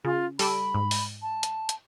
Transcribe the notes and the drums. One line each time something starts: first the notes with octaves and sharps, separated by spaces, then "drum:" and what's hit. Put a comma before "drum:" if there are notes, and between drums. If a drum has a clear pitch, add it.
C#3 F4
G3 A4 B5 D7, drum: open hi-hat
G#2
drum: open hi-hat
A5
drum: hi-hat
drum: hi-hat